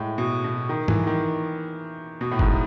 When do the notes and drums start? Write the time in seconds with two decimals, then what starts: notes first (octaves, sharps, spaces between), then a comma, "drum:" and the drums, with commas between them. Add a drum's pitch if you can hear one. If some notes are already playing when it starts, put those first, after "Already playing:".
Already playing: A2 G#3
0.18 B2
0.44 B2
0.69 D#3
0.88 E3, drum: tom G#2
1.07 D#3
2.21 B2
2.31 A2
2.39 G#2, drum: kick